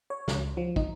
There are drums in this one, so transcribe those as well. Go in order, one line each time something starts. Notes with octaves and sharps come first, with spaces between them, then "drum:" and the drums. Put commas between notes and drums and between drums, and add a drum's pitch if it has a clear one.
C#5
C#2, drum: snare
F3
D#4, drum: kick